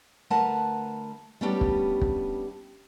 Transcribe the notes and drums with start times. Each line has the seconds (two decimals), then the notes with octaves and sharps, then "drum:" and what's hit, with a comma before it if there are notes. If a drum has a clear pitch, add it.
0.30 D2 A3 A#4 B4 F#5 A5
1.41 G3 A3 B3 C#4 D4 G4
1.61 drum: kick
2.01 drum: kick